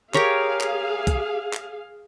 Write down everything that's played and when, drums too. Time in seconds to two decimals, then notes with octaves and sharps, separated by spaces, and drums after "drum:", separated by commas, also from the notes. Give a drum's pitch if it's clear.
0.14 G4 G#4 A#4 C#5 F5, drum: clap
0.61 drum: clap
1.07 drum: kick B1, hi-hat
1.53 drum: clap